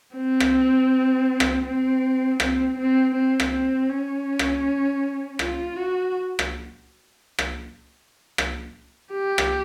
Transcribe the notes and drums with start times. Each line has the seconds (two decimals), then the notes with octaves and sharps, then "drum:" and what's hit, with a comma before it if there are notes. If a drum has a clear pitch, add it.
0.15 C4
0.40 drum: rim click
1.40 drum: rim click
1.66 C4
2.40 C4, drum: rim click
2.78 C4
3.15 C4
3.40 drum: rim click
3.52 C4
3.90 C#4
4.39 drum: rim click
5.39 F4, drum: rim click
5.76 F#4
6.39 drum: rim click
7.39 drum: rim click
8.38 drum: rim click
9.14 G4
9.38 drum: rim click